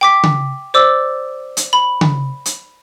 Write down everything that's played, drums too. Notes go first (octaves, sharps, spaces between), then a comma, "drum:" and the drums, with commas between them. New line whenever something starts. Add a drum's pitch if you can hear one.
G5 D6 B6
drum: tom C#3
C5 D5 D6 E6
drum: hi-hat
B5
drum: tom C#3
drum: hi-hat